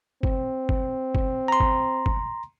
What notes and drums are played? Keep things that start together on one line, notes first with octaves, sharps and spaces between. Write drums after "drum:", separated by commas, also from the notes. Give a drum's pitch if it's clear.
C4, drum: kick G1
drum: kick G1
drum: kick G1
A#5 C6
drum: kick G1
drum: kick G1